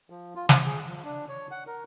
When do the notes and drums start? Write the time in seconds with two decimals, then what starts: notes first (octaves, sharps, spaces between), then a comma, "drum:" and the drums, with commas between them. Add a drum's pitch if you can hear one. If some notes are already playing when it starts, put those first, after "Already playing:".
0.10 F3
0.36 F4
0.49 D6, drum: snare
0.66 G#4
0.88 F3
1.04 D4
1.29 C#5
1.51 F#5
1.67 A#4